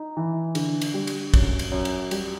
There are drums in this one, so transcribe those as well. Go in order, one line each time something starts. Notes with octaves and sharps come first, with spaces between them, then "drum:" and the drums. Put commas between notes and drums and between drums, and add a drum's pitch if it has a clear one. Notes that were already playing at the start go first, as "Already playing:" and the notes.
Already playing: D#4
E3
D3, drum: cymbal
drum: cymbal
G3
drum: cymbal
F#2, drum: kick, cymbal
drum: cymbal
F#2
drum: cymbal
G3, drum: cymbal